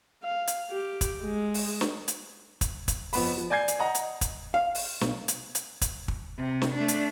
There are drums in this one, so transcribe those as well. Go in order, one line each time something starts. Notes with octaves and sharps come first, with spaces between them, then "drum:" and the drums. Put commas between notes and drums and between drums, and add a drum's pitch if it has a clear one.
F5
drum: hi-hat
G4
drum: kick, hi-hat
G#3
drum: open hi-hat
drum: snare
drum: hi-hat
drum: kick, hi-hat
drum: kick, hi-hat
F2 B3 B5, drum: open hi-hat
F3
D5 G#5 G6 G#6 C7
drum: hi-hat
D#5 F#5 A#5
drum: hi-hat
drum: kick, hi-hat
F5
drum: open hi-hat
B1, drum: snare
drum: hi-hat
drum: hi-hat
drum: kick, hi-hat
drum: kick
C3
drum: snare
A3 D4
drum: hi-hat